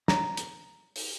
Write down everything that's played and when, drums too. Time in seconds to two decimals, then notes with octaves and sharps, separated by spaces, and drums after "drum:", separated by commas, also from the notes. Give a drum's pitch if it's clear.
0.08 A#5, drum: snare
0.37 drum: hi-hat
0.96 drum: open hi-hat